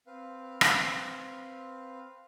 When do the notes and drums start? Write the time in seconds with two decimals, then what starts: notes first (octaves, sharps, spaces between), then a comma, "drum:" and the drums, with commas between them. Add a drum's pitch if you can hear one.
0.07 C4 B4 F5
0.61 drum: rim click